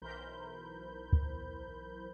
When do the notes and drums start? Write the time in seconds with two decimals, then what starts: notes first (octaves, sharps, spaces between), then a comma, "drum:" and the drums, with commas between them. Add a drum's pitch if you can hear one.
0.02 B1 E3 A#4 C5 B5 G6
1.13 drum: kick